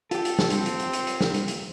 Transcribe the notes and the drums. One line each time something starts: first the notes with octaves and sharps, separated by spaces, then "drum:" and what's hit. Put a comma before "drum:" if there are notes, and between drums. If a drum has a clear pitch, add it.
F4 G4 A4, drum: hi-hat
drum: hi-hat
drum: snare
C4, drum: hi-hat
drum: hi-hat
drum: hi-hat
drum: hi-hat
drum: hi-hat
drum: snare
drum: hi-hat
drum: hi-hat